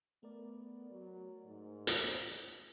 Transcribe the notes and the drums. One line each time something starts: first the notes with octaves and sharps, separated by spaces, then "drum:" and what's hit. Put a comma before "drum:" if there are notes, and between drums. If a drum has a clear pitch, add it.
A3 B3 A#4 D5
F#3
G#2
drum: hi-hat